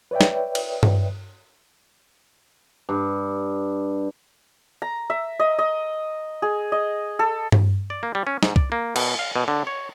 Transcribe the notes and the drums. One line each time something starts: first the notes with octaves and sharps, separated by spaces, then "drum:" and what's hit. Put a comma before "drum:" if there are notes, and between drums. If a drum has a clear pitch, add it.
B4 C#5 D5 E5 G5
drum: snare
drum: cymbal
drum: tom G2
G2
A#5
E5
D#5
D#5
G#4
D#5
A4
drum: tom G2
D5
A#3
G3
C#4
G#2, drum: snare
D5, drum: kick C2
A#3
B2, drum: cymbal
F5
B2
D3
C#5